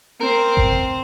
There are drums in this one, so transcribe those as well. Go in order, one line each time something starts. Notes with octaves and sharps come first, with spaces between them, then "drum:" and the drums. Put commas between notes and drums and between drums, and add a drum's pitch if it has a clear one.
C4 A#4 C5
drum: kick G1